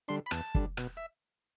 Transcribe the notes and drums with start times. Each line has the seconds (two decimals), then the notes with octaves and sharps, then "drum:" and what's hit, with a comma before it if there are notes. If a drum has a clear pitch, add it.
0.08 D3 G3 D4 C6
0.26 B5
0.31 E2 A5, drum: rim click
0.55 D3 G3 D4, drum: kick
0.77 B2, drum: rim click
0.97 E5